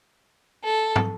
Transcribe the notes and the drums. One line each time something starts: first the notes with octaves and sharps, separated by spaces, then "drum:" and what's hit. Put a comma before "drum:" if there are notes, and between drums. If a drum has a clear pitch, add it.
A4
drum: tom